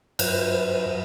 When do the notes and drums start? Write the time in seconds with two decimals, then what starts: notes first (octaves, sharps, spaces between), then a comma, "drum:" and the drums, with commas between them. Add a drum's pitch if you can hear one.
0.19 G2 F#3 B4 C5, drum: cymbal